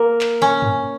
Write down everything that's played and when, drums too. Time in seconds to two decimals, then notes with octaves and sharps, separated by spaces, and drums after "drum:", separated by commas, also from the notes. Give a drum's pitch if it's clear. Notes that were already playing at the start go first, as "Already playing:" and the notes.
Already playing: A#3
0.21 drum: clap
0.42 C#4
0.62 drum: tom F#2